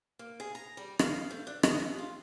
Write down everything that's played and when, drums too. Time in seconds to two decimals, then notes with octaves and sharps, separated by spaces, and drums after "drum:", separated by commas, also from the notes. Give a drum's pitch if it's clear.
0.19 A#3
0.40 G#4
0.55 A#5
0.77 G3
0.99 F5, drum: rim click
1.31 A3
1.47 D4
1.63 D#5, drum: rim click
1.80 D#2
1.98 F4